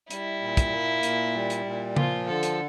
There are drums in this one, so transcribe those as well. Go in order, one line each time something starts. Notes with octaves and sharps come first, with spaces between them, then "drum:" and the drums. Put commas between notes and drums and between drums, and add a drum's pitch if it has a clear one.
G3 E4, drum: hi-hat
A#2
drum: kick, hi-hat
A#3
A#2, drum: hi-hat
G3
drum: hi-hat
A#2
F3 F4, drum: tom C#3
D3 A4
drum: hi-hat